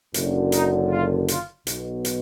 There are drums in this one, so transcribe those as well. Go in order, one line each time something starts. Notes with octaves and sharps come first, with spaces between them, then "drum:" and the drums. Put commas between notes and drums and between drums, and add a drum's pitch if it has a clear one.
F#1 F#2 D3, drum: hi-hat
D#4, drum: hi-hat
F4
F4, drum: hi-hat
B1 B2, drum: hi-hat
drum: hi-hat